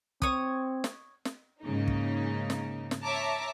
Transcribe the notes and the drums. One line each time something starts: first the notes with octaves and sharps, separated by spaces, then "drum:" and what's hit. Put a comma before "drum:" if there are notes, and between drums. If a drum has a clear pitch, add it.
C4 C#5 D#6, drum: kick
drum: snare
drum: snare
G#2 C#3 A#3 D#4
drum: kick
drum: snare
drum: snare
C#5 E5 A5 A#5 D6